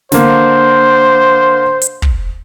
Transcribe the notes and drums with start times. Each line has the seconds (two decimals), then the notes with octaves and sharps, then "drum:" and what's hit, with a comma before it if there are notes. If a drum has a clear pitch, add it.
0.12 D3 A#3 C5, drum: snare
1.82 drum: hi-hat
2.02 drum: kick